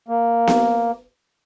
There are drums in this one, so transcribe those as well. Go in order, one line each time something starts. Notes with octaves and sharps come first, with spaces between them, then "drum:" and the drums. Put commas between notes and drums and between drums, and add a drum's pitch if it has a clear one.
A#3
drum: snare B3